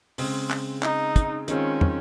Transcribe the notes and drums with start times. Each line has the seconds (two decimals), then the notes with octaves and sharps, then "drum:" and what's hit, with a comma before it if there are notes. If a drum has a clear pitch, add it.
0.18 C#3 G#3 C4, drum: open hi-hat
0.50 drum: clap
0.83 D#4, drum: clap
1.16 drum: kick, hi-hat
1.48 D#3 G#3 C4 C#4 F4, drum: hi-hat
1.81 drum: tom